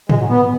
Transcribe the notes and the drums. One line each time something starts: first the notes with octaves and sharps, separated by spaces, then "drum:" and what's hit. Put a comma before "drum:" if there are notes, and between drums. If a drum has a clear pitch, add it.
G#3, drum: tom
F#3
B3